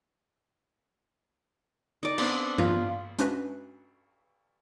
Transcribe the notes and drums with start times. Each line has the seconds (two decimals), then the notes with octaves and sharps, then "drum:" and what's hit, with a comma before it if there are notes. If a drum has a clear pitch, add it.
2.03 D#4 D5
2.18 B3 C4 D4, drum: cymbal
2.58 F4 B4, drum: tom G2
3.19 G#3 C#4 D4 F#4 B4 E5, drum: hi-hat